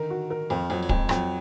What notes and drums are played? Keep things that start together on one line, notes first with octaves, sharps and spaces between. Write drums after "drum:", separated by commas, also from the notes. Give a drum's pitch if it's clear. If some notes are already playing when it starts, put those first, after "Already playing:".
Already playing: D3 D#3 A#4
F#4
A#4
F2 F3
F2 F#3
F#3
F2 G#3, drum: kick
F2 F#3, drum: rim click